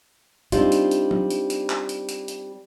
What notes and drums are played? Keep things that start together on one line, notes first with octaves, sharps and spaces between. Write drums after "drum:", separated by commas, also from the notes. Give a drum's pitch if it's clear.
G3 C4 D4 D#4 F4, drum: hi-hat
drum: hi-hat
drum: hi-hat
drum: tom F#3
drum: hi-hat
drum: hi-hat
drum: clap
drum: hi-hat
drum: hi-hat
drum: hi-hat